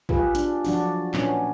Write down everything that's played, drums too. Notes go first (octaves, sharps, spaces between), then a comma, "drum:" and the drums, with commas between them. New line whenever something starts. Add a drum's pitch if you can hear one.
F4 G4 G#4 B4, drum: kick
D4, drum: hi-hat
F3 D4 F#4, drum: open hi-hat
A#2 B3 C#4 D4, drum: clap